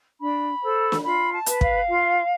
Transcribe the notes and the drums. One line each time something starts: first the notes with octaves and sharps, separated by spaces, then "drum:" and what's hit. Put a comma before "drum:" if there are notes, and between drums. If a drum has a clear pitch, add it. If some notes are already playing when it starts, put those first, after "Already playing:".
D4 B5
A4 C5
drum: snare
F4 B5
A5
B4, drum: hi-hat
F5, drum: kick
F4